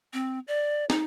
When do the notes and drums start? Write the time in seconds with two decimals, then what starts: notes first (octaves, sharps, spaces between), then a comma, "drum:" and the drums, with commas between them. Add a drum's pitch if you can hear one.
0.13 C4
0.48 D5
0.90 D#4, drum: snare